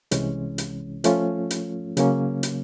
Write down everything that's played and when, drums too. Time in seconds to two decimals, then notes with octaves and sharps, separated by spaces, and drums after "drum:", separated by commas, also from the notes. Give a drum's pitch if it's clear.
0.11 C2 C3 E3 G#3 C#4, drum: hi-hat
0.58 drum: hi-hat
1.04 F3 A3 C#4 F4, drum: hi-hat
1.50 drum: hi-hat
1.97 C#3 F#3 A#3 C#4, drum: hi-hat
2.43 drum: hi-hat